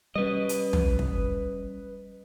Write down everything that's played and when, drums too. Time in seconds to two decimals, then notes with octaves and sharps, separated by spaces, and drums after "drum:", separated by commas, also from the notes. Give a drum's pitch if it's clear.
0.16 G3 C#4 B4 D#5
0.49 drum: hi-hat
0.73 drum: tom
0.99 drum: kick